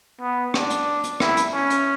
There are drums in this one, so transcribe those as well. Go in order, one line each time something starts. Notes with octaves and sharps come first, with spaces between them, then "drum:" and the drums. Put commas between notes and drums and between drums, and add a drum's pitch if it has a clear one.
B3
D4, drum: rim click
drum: hi-hat
drum: hi-hat
E4, drum: rim click
drum: hi-hat
C#4
drum: hi-hat